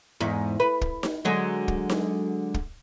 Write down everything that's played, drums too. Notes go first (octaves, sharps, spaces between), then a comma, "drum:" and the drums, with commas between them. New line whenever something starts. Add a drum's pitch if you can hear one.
E2 G#2
B4
drum: kick
drum: snare D#4
D3 F#3 G#3
drum: kick
drum: snare D#4
drum: kick